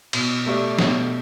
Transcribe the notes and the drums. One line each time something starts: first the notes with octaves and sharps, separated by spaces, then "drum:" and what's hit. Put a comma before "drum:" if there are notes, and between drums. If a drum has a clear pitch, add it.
B2, drum: cymbal
A3 G4 D5
B2, drum: snare